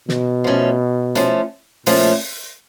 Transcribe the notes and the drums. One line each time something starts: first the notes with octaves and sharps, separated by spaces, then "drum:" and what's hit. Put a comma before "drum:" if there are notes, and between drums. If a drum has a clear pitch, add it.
B2, drum: snare
F3 A3 C#4
F3 A3 C#4, drum: hi-hat
A#2 F3 A3 C#4, drum: open hi-hat